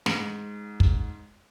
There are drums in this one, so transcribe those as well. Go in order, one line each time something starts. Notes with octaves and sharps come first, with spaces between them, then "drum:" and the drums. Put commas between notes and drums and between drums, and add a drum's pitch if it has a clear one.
G#2, drum: snare
drum: kick